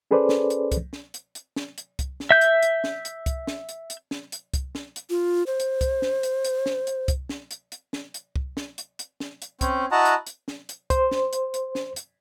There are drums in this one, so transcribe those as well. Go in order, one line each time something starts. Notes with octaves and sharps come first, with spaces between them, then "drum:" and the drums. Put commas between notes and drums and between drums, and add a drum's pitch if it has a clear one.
C#4 G#4 A4 B4 C5 D5
drum: snare
drum: hi-hat
drum: kick C2, hi-hat
drum: snare
drum: hi-hat
drum: hi-hat
drum: snare
drum: hi-hat
drum: kick C2, hi-hat
drum: snare
E5 G6
drum: hi-hat
drum: hi-hat
drum: snare
drum: hi-hat
drum: kick C2, hi-hat
drum: snare
drum: hi-hat
drum: hi-hat
drum: snare
drum: hi-hat
drum: kick C2, hi-hat
drum: snare
drum: hi-hat
F4
C5
drum: hi-hat
drum: kick C2, hi-hat
drum: snare
drum: hi-hat
drum: hi-hat
drum: snare
drum: hi-hat
drum: kick C2, hi-hat
drum: snare
drum: hi-hat
drum: hi-hat
drum: snare
drum: hi-hat
drum: kick C2
drum: snare
drum: hi-hat
drum: hi-hat
drum: snare
drum: hi-hat
C4 C#4, drum: kick C2, hi-hat
E4 F#4 D#5 F#5 A5 A#5
drum: hi-hat
drum: hi-hat
drum: snare
drum: hi-hat
C5, drum: kick C2, hi-hat
drum: snare
drum: hi-hat
drum: hi-hat
drum: snare
drum: hi-hat